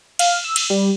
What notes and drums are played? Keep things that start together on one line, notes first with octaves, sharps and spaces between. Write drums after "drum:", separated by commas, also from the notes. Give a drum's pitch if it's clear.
F5, drum: cymbal
E6
drum: cymbal
G3